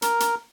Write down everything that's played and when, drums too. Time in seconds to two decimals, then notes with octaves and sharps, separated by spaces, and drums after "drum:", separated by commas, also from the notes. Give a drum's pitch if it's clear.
0.02 A#4, drum: hi-hat
0.20 drum: hi-hat